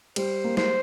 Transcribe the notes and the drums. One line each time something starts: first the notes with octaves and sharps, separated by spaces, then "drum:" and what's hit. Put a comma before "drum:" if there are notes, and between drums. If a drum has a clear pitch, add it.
G3 C5, drum: cymbal
A#3
C5, drum: snare